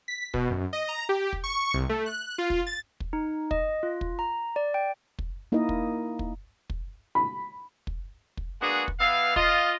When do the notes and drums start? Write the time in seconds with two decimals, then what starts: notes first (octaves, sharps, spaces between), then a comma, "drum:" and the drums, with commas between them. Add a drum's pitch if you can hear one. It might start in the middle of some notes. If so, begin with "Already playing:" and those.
0.08 B6
0.34 B2, drum: kick
0.51 F#2
0.73 D#5
0.89 A#5
1.09 G4
1.33 drum: kick
1.44 C#6
1.74 C2
1.89 A3
2.06 F#6
2.38 F4
2.50 drum: kick
2.67 A6
3.00 drum: kick
3.13 D#4
3.51 D#5, drum: kick
3.83 F4
4.01 drum: kick
4.19 A#5
4.56 D5
4.74 G5
5.19 drum: kick
5.52 A#3 D#4 E4 A#4 D#5
5.69 drum: kick
6.19 drum: kick
6.70 drum: kick
7.15 B5
7.87 drum: kick
8.37 drum: kick
8.61 G#3 A#3 B3 D4 F#4 G#4
8.88 drum: kick
9.00 E3 B3 E5 F5
9.36 F4 D#5, drum: kick